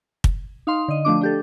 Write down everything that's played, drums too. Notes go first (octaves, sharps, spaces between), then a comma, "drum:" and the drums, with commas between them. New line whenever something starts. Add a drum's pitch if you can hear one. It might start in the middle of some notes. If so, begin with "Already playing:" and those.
drum: kick
D#4 F5 C6
D3 D#5
F3 A3 D4 D6
D4 G4 A4